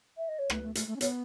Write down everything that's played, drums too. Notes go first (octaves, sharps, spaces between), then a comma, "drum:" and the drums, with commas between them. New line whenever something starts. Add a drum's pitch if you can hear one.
E5
D#5
C#5
A3 B4, drum: rim click
A3
A3, drum: hi-hat
A3
C#4
B3 C#5, drum: hi-hat